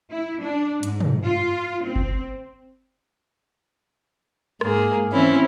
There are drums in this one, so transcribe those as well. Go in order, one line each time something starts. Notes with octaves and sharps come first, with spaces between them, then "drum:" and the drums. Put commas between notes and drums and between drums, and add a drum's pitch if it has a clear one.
E4
D4
G#2, drum: hi-hat
drum: tom
F4
C4
drum: kick F#1
G#2 A#3 G#4, drum: rim click
E3 C4 C#4 E4